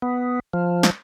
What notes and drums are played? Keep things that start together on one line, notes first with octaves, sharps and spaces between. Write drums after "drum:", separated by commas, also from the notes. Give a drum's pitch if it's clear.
B3
F3
drum: snare